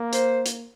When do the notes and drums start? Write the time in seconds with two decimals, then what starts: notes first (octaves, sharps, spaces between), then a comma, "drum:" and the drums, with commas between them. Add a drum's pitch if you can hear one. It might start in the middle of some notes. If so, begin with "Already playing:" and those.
Already playing: A#3
0.13 C5, drum: hi-hat
0.46 drum: hi-hat